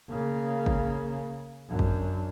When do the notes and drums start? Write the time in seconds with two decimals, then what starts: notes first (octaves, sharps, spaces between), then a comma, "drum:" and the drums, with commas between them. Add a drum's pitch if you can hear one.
0.10 C#3 A#3
0.66 drum: kick
1.69 F#2 D4
1.79 drum: kick